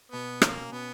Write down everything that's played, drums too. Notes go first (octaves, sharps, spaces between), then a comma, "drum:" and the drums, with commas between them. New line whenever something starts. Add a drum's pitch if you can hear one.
B2 B3
A#3 C#4, drum: rim click
B2 B3